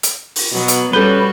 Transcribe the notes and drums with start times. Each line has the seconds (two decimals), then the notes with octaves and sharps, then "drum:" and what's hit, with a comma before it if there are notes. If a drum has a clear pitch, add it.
0.03 drum: hi-hat
0.36 drum: open hi-hat
0.52 B2 F#3 B3
0.68 drum: hi-hat
0.93 G3 C#4 F#4 A4 B4 G6 G7